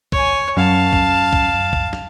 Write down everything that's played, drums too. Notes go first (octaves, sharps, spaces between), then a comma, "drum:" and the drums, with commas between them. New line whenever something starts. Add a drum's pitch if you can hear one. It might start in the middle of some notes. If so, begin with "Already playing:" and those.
C#5 G#5, drum: kick
F#2 F5 A5
drum: kick
drum: kick
drum: kick
drum: snare